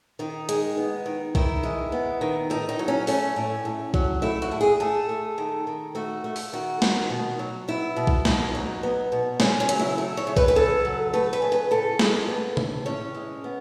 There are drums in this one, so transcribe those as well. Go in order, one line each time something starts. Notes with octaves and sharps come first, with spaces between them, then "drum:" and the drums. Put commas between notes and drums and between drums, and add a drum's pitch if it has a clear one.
D#3 D#4
G#3, drum: hi-hat
B3
D#3
D#3 E4, drum: kick B1
G#3
B3
D#3
A2 D#4
D#4
F#3
C#4
A3 C#4, drum: open hi-hat
A2
A2
F#3, drum: kick B1
A3 E4
F#4
A2
G#4
A3 A4
A3
D#3
D#3
A3 F#4
A3
drum: open hi-hat
D#3 F#4
D#3, drum: snare
B2
F#3
B3 E4
B2
drum: kick B1
B2 D#4, drum: snare
F#3
B3
B2
C#3 C#4, drum: snare
C#4
F#3, drum: hi-hat
E4
A3
C#5
C#3
B4, drum: kick B1
B4
C#3 A4
F#3
A3 B4
B4
C#3
B4
A2 A4
G#3, drum: snare
B3
A2, drum: tom C3
A2 C#4
G#3
B3